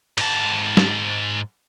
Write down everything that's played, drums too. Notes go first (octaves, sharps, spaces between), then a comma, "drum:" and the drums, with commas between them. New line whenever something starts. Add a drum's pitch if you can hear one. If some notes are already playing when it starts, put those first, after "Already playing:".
G#2 A5, drum: cymbal
drum: snare